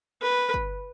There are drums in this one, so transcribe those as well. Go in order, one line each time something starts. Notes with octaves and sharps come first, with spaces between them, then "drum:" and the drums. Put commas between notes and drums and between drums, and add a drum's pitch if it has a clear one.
B4
drum: kick